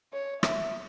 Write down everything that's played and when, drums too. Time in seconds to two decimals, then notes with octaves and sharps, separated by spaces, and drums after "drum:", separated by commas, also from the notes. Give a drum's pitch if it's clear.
0.13 C#5
0.43 E5, drum: rim click